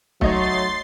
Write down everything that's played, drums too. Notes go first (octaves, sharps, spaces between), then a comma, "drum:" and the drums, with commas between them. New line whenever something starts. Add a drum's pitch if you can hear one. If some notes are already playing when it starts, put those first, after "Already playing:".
F#3 A3 D#4 C#5 C6 A6 C7, drum: kick